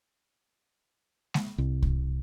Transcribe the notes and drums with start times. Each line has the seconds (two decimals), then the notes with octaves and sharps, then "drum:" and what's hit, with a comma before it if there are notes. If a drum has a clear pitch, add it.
1.34 drum: snare G#3
1.58 C2
1.82 drum: kick C2